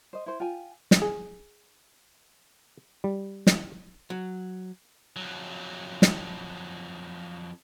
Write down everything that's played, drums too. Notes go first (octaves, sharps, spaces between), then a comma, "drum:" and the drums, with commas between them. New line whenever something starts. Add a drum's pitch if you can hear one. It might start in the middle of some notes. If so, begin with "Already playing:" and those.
C5 D#5
E4 C5
F4 G5 G#5
drum: snare
G#4
G3
drum: snare
F#3
F2 F#3
drum: snare